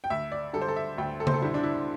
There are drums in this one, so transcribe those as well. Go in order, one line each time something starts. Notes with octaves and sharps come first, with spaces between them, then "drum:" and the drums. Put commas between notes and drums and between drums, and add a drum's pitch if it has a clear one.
G5
D2 E5
D5
D3 G3 A4
C5
A4
E5
D2 G5
A4
C5, drum: tom C#3
A4
D3 G3 E4
D4
E4